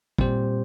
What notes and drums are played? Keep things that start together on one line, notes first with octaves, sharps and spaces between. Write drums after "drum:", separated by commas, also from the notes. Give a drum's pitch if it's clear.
A#2 G3 C4 G4 C5, drum: kick